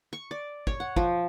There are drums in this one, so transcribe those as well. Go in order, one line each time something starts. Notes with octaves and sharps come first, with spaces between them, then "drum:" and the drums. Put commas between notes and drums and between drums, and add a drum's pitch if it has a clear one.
C#6
D5
C#5, drum: kick
F#5
F3, drum: kick